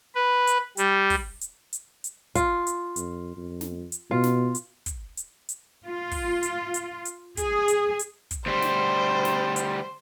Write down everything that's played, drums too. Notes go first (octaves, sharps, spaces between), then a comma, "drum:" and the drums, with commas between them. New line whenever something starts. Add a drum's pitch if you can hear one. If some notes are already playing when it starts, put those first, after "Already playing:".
B4
drum: hi-hat
G3, drum: hi-hat
drum: kick, open hi-hat
drum: hi-hat
drum: hi-hat
drum: hi-hat
F4, drum: kick, hi-hat
drum: hi-hat
F2, drum: hi-hat
F2
drum: snare
drum: hi-hat
B2 F4
drum: snare
drum: hi-hat
drum: kick, hi-hat
drum: hi-hat
drum: hi-hat
F4
drum: kick, open hi-hat
drum: hi-hat
drum: hi-hat
drum: hi-hat
G#4, drum: kick, hi-hat
drum: hi-hat
drum: hi-hat
drum: kick, hi-hat
D2 G3 C5
drum: snare
drum: snare
drum: hi-hat